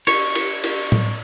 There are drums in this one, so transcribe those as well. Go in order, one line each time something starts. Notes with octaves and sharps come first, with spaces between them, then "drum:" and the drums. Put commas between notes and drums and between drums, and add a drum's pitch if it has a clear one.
C#5, drum: cymbal
drum: cymbal
drum: cymbal
drum: tom A2